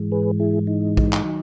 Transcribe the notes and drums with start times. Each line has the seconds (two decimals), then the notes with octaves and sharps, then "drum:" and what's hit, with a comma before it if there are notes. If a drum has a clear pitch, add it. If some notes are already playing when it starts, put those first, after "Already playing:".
Already playing: G#2 E3 G#3
0.12 G#4 B4
0.40 E4 G#4
0.67 D#4
0.97 drum: kick A#1
1.13 drum: clap
1.22 D#3 F#3